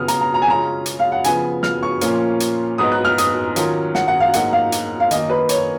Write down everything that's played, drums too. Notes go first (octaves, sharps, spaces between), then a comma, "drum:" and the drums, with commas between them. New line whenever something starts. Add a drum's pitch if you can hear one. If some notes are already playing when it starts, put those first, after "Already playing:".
Already playing: C#3 F#3 B3 F4 D#6 F6
A#5, drum: hi-hat
A#5
A#5
G#5
C#3 G#3 C#4 F4 A#5
drum: hi-hat
F5
F#5
C#3 F3 B3 G#5, drum: hi-hat
F6, drum: snare
C#6
A#2 F3 A#3 C#4 F4, drum: hi-hat
drum: hi-hat
G#2 F#3 B3 D#4 D#6
F#6
F6
D#6, drum: hi-hat
D#3 F#3 C#4 F4, drum: hi-hat
F#5, drum: snare
F#5
F5
G#2 F#3 A#3 D#4 F#5, drum: hi-hat
F5
drum: hi-hat
F5
F#2 D#3 A#3 D#5, drum: hi-hat
B4
C#5, drum: hi-hat